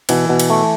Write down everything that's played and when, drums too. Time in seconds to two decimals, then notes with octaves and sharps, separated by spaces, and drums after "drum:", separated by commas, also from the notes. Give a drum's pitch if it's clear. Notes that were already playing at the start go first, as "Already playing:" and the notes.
0.09 B2 E3, drum: cymbal
0.29 B2
0.40 drum: cymbal
0.50 A3